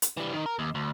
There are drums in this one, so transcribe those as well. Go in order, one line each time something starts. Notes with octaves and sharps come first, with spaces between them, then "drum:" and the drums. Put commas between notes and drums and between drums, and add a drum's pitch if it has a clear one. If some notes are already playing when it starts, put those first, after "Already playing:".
drum: hi-hat
E3 G3
D#3 D#4
A#4
D#2
D2